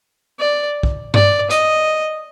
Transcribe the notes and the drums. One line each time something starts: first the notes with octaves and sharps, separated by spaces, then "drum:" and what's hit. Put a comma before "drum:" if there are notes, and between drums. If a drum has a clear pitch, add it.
D5
drum: kick
D5, drum: tom G2
D#5, drum: hi-hat